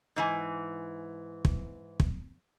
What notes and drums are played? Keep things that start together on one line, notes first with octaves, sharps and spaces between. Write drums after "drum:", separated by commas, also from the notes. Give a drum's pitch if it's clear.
G#2 E3 G#5
drum: kick
drum: kick